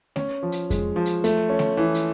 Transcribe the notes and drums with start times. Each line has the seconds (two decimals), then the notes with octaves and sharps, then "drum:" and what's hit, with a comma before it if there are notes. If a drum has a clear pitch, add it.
0.16 C#4, drum: snare A3
0.43 F3
0.52 drum: hi-hat
0.70 G#3, drum: kick F2, hi-hat
0.96 F3
1.06 drum: hi-hat
1.24 A3, drum: hi-hat
1.49 C#4
1.59 drum: snare A3
1.77 E3
1.95 drum: hi-hat